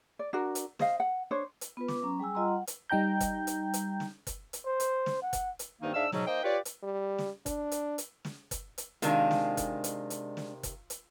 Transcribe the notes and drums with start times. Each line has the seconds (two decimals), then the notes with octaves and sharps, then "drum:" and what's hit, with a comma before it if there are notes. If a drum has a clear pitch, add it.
0.19 D5
0.33 D4 F#4 A#4
0.55 drum: hi-hat
0.79 C5 D#5 F5, drum: snare
1.00 F#5
1.31 D4 C5 C#5
1.61 drum: hi-hat
1.77 B3 F4 B4
1.88 D6, drum: snare
2.02 F#3 C#4 A#5
2.19 G3 G#4 G#5 E6
2.35 G3 F4 D#5 F#5 A#5 C6
2.48 F#5
2.67 drum: hi-hat
2.90 G3 D#4 G5 A#5 G6
3.20 drum: kick F#1, hi-hat
3.47 drum: hi-hat
3.74 drum: hi-hat
4.00 drum: snare
4.27 drum: kick F#1, hi-hat
4.53 drum: hi-hat
4.66 C5
4.80 drum: hi-hat
5.06 drum: snare
5.22 F#5
5.33 drum: kick F#1, hi-hat
5.59 drum: hi-hat
5.81 G2 C3 D#3 A#3 D#4
5.94 G#2 D4 E5 F5 E6
6.12 G#2 B2 F#3, drum: snare
6.26 A#3 D#4 C5 D#5 G5
6.43 F4 G4 B4 C#5 D5
6.65 drum: hi-hat
6.83 G3
7.18 drum: snare
7.46 D4, drum: kick F#1, hi-hat
7.71 drum: hi-hat
7.98 drum: hi-hat
8.25 drum: snare
8.51 drum: kick F#1, hi-hat
8.78 drum: hi-hat
9.02 C3 D#3 G#3 D4 F4, drum: hi-hat
9.31 drum: snare
9.57 drum: kick F#1, hi-hat
9.84 drum: hi-hat
10.10 drum: hi-hat
10.37 drum: snare
10.63 drum: kick F#1, hi-hat
10.90 drum: hi-hat